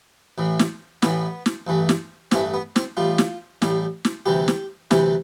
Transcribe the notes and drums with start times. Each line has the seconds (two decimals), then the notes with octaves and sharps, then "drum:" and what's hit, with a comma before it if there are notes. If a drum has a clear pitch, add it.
0.38 A1 A2 E3
0.59 drum: snare
1.02 A1 A2 E3 B3, drum: snare
1.46 drum: snare
1.67 A1 G2 E3 A3
1.89 drum: snare
2.31 A1 G2 E3 A3 C4, drum: snare
2.54 B3
2.76 C4, drum: snare
2.97 A1 A2 G3 F4
3.18 drum: snare
3.62 A1 A2 G3, drum: snare
4.05 drum: snare
4.26 D2 C3 E3 G3 G4
4.48 drum: snare
4.91 D2 C3 E3 G3, drum: snare